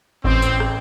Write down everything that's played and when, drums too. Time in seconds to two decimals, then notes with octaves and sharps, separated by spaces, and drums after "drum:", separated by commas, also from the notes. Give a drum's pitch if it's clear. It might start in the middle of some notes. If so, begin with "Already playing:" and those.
0.24 A1 C4, drum: kick G#1
0.42 drum: tambourine
0.60 drum: rim click